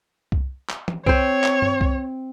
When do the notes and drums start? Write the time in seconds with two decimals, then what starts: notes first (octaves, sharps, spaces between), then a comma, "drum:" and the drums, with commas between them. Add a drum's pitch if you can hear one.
0.32 drum: kick C2
0.69 drum: clap
0.88 drum: tom E3
1.06 C4 C5 C#5, drum: kick C2
1.44 drum: clap
1.62 drum: tom G2
1.81 drum: kick C2